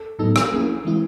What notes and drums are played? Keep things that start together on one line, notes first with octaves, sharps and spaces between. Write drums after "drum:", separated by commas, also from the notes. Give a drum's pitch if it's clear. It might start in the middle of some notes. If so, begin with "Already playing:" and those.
Already playing: A4
A2 F#3 B3 D#4 A4
drum: rim click
F3 A#3 C#4 E4 G#4
E3 G#3 C4 E4